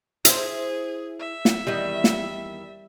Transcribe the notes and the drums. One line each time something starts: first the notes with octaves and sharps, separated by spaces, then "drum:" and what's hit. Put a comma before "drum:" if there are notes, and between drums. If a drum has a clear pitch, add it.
E4 G#4 C5, drum: hi-hat
E5
drum: snare
E2 D#3 G3 D#5
drum: snare